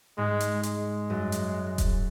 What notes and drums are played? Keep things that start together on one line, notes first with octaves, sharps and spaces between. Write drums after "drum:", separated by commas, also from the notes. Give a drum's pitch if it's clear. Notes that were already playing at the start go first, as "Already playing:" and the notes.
G#2 G#3
drum: hi-hat
G#3, drum: hi-hat
F#2
drum: hi-hat
drum: kick D#1, hi-hat